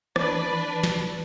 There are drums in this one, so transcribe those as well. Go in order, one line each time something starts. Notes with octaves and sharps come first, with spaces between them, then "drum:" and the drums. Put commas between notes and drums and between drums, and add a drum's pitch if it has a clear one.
E3 D4 B4 D5, drum: rim click
drum: snare